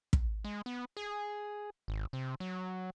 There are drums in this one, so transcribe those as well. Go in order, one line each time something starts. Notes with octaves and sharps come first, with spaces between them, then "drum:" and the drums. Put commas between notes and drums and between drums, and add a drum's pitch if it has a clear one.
drum: kick
G#3
B3
G#4
G#1
C3
F#3